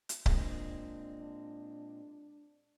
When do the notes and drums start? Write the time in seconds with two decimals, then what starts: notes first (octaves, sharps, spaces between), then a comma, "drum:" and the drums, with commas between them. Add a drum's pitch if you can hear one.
0.09 drum: hi-hat
0.26 A#2 G#3 C4 D4, drum: kick C#1